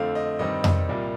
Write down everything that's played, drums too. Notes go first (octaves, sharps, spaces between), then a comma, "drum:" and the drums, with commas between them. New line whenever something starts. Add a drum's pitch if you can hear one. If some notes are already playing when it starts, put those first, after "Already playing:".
Already playing: F2 D3 A3 C4 F5
D#5
G2 D#3 G3 C4 D#5
drum: tom F2
C2 A#2 G3 A#3